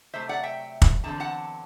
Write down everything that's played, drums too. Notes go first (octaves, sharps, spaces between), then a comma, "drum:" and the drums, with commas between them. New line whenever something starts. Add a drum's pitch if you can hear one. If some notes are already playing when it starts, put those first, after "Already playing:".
C3 F#3 A3 C5 E5
D5 F#5
E5 G5
drum: kick
E2 D3 F#3 C4 A5
F#5 A5